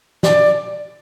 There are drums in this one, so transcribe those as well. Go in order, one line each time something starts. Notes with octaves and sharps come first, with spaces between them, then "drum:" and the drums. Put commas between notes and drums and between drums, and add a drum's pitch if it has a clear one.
D5, drum: snare